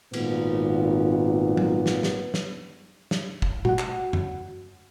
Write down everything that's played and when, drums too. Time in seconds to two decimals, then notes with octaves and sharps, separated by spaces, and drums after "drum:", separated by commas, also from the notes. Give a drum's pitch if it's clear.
0.13 G#1 A#2 B3, drum: cymbal
1.57 drum: tom
1.86 drum: snare
2.03 drum: snare
2.34 drum: snare
3.11 drum: snare
3.42 drum: kick G1
3.65 F#4 F#5, drum: tom A#2
3.79 drum: clap
4.13 drum: tom F2